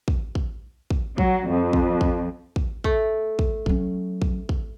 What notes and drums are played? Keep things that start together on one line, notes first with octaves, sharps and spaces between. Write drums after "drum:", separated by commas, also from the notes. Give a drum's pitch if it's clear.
drum: kick
drum: kick
drum: kick
F#3, drum: kick
F2
drum: kick
drum: kick
drum: kick
A3, drum: kick
drum: kick
F#3 C#4, drum: kick
drum: kick
drum: kick